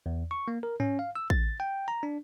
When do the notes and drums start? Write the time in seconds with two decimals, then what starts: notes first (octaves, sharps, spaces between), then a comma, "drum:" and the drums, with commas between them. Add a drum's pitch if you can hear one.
0.06 E2
0.31 C#6
0.48 A#3
0.63 A#4
0.80 C#4, drum: tom G#2
0.99 F5
1.15 E6
1.30 A6, drum: kick A1
1.60 G5
1.88 A#5
2.03 D4